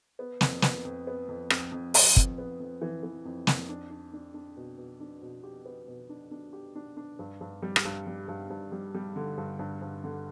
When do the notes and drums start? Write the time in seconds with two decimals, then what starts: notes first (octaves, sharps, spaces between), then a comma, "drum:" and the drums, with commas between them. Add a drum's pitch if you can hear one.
0.19 B3
0.41 F2, drum: snare
0.62 B3, drum: snare
0.85 F2
1.07 B3
1.28 F2
1.50 F2, drum: rim click
1.72 F2
1.94 F2, drum: open hi-hat
2.17 F2, drum: kick
2.38 B3
2.60 F2
2.82 E3
3.03 E3
3.25 F2
3.47 F2, drum: snare
3.69 D4
3.90 D4
4.13 D4
4.34 D4
4.57 B2
4.78 B2
5.00 D4
5.22 B2
5.43 G4
5.65 B3
5.88 B2
6.09 D4
6.31 D4
6.53 G4
6.75 D4
6.97 D4
7.19 G2
7.41 G2
7.62 G3
7.76 drum: rim click
7.85 G2
8.07 G3
8.28 G2
8.50 G2
8.72 G3
8.94 G3
9.16 D3
9.38 G2
9.59 G2
9.82 G2
10.04 D3